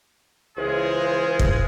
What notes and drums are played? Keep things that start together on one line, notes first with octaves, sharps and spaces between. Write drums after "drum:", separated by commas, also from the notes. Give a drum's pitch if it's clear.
C#2 E3 G#3 F4 G#4 C5
drum: kick